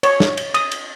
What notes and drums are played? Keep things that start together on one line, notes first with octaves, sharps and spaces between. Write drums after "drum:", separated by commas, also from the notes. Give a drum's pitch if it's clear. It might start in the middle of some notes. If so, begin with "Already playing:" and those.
C#5, drum: cymbal
drum: snare
drum: cymbal
D#6, drum: cymbal
drum: cymbal